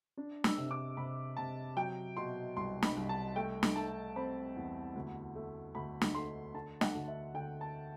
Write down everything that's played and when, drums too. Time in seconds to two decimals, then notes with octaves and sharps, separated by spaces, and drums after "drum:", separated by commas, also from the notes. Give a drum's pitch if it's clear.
0.17 D4
0.44 E6, drum: snare
0.57 C3
0.71 D6
0.97 C3 B5
1.37 C3 A5
1.77 F#3 G5
2.17 B2 C6
2.56 C2 C6
2.83 B5, drum: snare
2.96 C2
3.09 A5
3.36 A3 G5
3.63 drum: snare
3.76 A3 A5
4.16 C4 B5
4.56 E2
4.95 D2
5.35 A3
5.75 D2 B5
6.02 drum: snare
6.15 A3 C6
6.54 D3 A5
6.81 F#5, drum: snare
6.94 D2
7.08 E5
7.34 D3 G5
7.61 A5